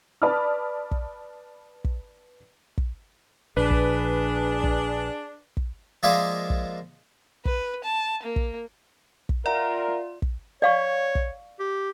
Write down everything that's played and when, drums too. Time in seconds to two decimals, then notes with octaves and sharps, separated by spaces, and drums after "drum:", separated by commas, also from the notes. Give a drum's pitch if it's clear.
0.22 B4 D5 A5 B5 D#6 F6
0.91 drum: kick
1.84 drum: kick
2.78 drum: kick
3.57 A#1 D4 G#4 B4
3.71 drum: kick
4.64 drum: kick
5.57 drum: kick
6.03 F3 G#3 A#3 G#4 D5 E5
6.50 drum: kick
7.45 B4, drum: kick
7.84 A5
8.23 A#3
8.36 drum: kick
9.29 drum: kick
9.46 F4 A#4 D5 E5 F#5 A#5
10.22 drum: kick
10.62 C#5 D5 F5 C#6
11.15 drum: kick
11.59 G4